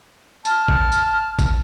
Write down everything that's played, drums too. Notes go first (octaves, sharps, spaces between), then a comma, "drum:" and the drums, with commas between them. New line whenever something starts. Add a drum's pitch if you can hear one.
A5 F6, drum: tambourine
drum: kick A1
drum: tambourine
drum: kick A1, tambourine